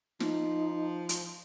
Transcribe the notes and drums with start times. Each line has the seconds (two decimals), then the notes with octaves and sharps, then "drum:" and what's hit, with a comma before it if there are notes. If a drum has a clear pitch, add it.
0.20 F3 D#4, drum: snare
1.09 drum: hi-hat